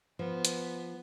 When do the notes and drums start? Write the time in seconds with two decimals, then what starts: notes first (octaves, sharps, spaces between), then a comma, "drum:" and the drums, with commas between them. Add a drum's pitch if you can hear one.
0.19 F3 B3
0.45 drum: hi-hat